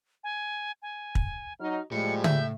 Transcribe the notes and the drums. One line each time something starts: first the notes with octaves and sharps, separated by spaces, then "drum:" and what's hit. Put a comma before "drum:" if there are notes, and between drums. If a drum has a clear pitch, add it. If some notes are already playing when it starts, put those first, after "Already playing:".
G#5
G#5
drum: kick
F#3 D#4 F6
A2 F3 G3 G#3 C#7
E5 G6, drum: tom